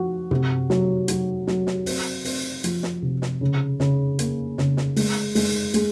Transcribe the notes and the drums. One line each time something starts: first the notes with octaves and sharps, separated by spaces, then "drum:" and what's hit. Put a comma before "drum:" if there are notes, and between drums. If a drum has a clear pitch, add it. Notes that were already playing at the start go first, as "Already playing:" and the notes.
Already playing: F3 F#4
C3, drum: tom
F#3, drum: snare
F#3, drum: hi-hat
F#3, drum: snare
drum: snare
C4, drum: open hi-hat
C4, drum: open hi-hat
F3, drum: hi-hat
drum: snare
C3
drum: snare
C#3
C#3, drum: snare
A#3, drum: hi-hat
C#3, drum: snare
drum: snare
G#3, drum: open hi-hat
G#3, drum: open hi-hat
G#3, drum: hi-hat